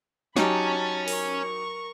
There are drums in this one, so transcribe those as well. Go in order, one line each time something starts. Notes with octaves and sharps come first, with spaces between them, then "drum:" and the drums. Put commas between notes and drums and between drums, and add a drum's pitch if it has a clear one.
F#3 D#4 G4 C#5 G#5 A5 B5, drum: snare
A#4 C#6, drum: open hi-hat